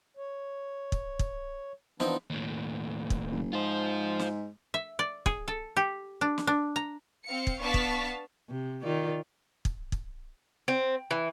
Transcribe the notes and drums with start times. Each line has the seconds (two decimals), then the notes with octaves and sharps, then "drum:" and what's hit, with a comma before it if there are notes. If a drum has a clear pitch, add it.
0.17 C#5
0.92 drum: kick
1.19 drum: kick
2.00 E3 F3 B3 C4 D4 D#4, drum: snare
2.30 D#2 A2
3.10 drum: kick
3.31 F#1
3.53 G#2 F4 C5
4.19 drum: snare
4.74 E5
4.99 D5
5.26 G#4, drum: kick
5.48 A4
5.77 G4
6.21 D4
6.38 drum: snare
6.47 D4
6.76 A#5
7.24 C4 F5 C#7
7.47 drum: kick
7.60 B3 D4 F5 A5 C#6 B6
7.74 drum: kick
8.49 C3
8.82 D#3 F4 D5
9.65 drum: kick
9.92 drum: kick
10.68 C4
11.11 E3